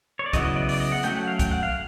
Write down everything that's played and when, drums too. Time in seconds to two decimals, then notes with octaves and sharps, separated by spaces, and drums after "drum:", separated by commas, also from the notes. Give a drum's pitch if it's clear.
0.19 C#5
0.26 D5
0.33 C#3 F#3 B3 E4 D#5, drum: kick, hi-hat
0.45 D#5
0.56 D5
0.69 D5, drum: open hi-hat
0.80 D#5
0.92 F#5
1.03 F#3 A3 C#4 G5, drum: hi-hat
1.16 F#5
1.27 F5
1.39 G5, drum: kick, hi-hat
1.51 F#5
1.63 F5